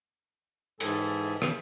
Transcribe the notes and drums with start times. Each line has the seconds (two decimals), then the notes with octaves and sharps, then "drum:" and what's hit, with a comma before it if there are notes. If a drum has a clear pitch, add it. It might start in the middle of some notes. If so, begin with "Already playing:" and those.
0.80 G#2 E3 G#3 A4 G#5, drum: cymbal
1.42 drum: rim click